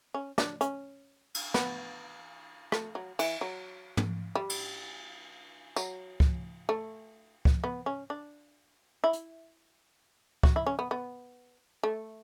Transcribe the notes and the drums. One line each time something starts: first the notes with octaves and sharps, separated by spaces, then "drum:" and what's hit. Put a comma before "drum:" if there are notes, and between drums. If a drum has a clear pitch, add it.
C#4
D4, drum: snare
C#4, drum: hi-hat
drum: cymbal
B3, drum: snare
A3, drum: rim click
F#3
E3, drum: cymbal
F#3
drum: tom
G3
drum: cymbal
F#3, drum: tambourine
drum: kick
A3
drum: kick
B3
C#4
D4
E4
drum: hi-hat
F#4, drum: kick
E4
C#4
B3
B3
A3